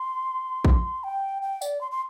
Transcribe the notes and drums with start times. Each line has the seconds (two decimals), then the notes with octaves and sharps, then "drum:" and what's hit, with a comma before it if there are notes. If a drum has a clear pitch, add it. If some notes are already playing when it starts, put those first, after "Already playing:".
Already playing: C6
0.65 drum: kick A#1
1.04 G5
1.42 G5
1.62 D5, drum: tambourine
1.81 C6
1.91 C6